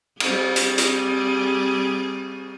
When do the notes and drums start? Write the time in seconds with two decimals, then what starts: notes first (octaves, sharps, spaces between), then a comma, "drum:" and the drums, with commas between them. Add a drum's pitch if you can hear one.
0.20 G3 C4 G#4, drum: cymbal
0.56 drum: hi-hat
0.78 drum: hi-hat